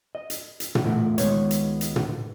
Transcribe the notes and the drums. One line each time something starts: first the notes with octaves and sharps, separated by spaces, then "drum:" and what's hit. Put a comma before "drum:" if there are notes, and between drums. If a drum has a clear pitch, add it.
D#5
drum: hi-hat
drum: hi-hat
drum: tom
E2 A#2 A3 E4 A#4 F#5
C#2 D#3 G#3 B3 C#5, drum: hi-hat
drum: hi-hat
drum: hi-hat
drum: tom